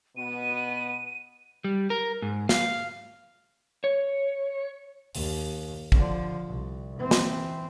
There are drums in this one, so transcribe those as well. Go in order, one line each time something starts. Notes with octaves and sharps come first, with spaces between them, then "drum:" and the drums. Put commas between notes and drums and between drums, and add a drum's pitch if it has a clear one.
B2 B3 D#7
G3
A#4
G#2
F5, drum: snare
C#5
D#2, drum: open hi-hat
D3 F3, drum: kick
C2
E3 C4
drum: snare